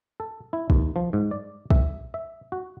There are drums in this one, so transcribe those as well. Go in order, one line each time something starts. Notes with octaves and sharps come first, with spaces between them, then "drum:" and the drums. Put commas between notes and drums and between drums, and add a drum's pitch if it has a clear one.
A4
E4
D#2, drum: kick
F3
G#2
D5
E5, drum: kick
E5
F#4